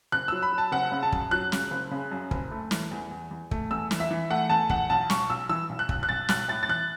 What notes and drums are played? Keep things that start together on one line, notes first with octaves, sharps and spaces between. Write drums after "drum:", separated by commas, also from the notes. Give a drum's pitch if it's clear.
F#1 F#6
F#3 E6
B5
F#3
A5
F#1 F#5
C#3
A5
F#2, drum: kick
F#3 F#6
C#3, drum: snare
F#1
C#3
F#2
F#1, drum: kick
A3
E3, drum: snare
E2
E2
E2
A3, drum: kick
E2 E6
E3, drum: snare
E5
E3
A3 F#5
E2 A5
E2 F#5, drum: kick
B1 A5
B1 C#6, drum: snare
B1 E6
E3 E6
B1
F#6
B1, drum: kick
F#6
B1 A6
B1 F#6, drum: snare
A2 A6
A6
E3 F#6